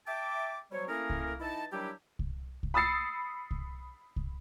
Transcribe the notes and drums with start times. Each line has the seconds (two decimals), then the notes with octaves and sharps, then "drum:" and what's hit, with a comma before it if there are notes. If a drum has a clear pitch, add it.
0.07 E5 G5 A5 D6
0.71 B2 F#3 G3 C5 C#5
0.88 A3 A#3 C#4 E4 G#4 A#4
1.10 drum: kick C2
1.40 E3 D#4 E4 D#5 A5
1.71 D#3 F#3 G3 D4 E4 G4
2.19 drum: kick C2
2.63 drum: kick C2
2.74 B5 D#6 E6 A6 C7 C#7
3.51 drum: kick C2
4.16 drum: kick C2